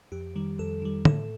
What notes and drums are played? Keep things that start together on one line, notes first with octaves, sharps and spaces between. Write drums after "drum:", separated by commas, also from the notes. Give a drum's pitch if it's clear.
F2 G4
D#3 G3
F2 A4
D#3 G3
A2 A4, drum: tom